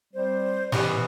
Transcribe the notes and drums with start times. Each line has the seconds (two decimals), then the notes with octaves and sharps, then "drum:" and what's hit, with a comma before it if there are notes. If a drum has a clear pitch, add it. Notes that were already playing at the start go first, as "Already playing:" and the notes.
0.14 G3 C4 C5
0.72 B2 E3 B3 G4, drum: snare